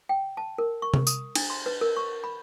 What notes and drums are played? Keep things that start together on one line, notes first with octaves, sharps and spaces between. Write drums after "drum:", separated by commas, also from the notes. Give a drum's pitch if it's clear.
G5
A5
A#4
C#6
drum: tom C3
D#6, drum: tambourine
D4, drum: cymbal
C6
B4
A#4
C#6
B5